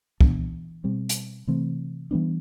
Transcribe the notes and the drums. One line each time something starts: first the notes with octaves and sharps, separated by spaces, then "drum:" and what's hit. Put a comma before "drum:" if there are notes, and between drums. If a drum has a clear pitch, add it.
E3 B3 D4, drum: kick
B2 G3 C4
drum: hi-hat
C3 E3 A3 C4
E3 G3 B3 D4